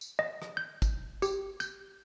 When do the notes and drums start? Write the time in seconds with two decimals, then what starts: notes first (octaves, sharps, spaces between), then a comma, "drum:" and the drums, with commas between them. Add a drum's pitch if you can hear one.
0.01 drum: tambourine
0.19 D#5
0.42 drum: rim click
0.57 G6
0.82 drum: kick, tambourine
1.22 G4, drum: tambourine
1.60 G6, drum: tambourine